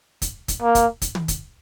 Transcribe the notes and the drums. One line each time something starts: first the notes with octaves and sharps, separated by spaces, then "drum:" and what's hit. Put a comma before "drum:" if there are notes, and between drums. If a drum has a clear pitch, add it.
drum: kick, hi-hat
drum: kick, hi-hat
A#3
drum: kick, hi-hat
drum: kick, hi-hat
drum: tom
drum: kick, hi-hat